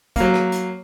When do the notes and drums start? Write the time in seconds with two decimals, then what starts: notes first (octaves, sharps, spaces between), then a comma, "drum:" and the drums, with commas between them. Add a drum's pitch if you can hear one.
0.16 F#3 A#3, drum: kick, hi-hat
0.34 drum: rim click
0.52 drum: hi-hat